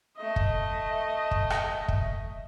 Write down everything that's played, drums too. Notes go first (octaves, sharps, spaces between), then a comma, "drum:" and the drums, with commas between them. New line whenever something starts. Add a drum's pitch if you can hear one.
A3 D#5
drum: kick
drum: kick
drum: rim click
drum: kick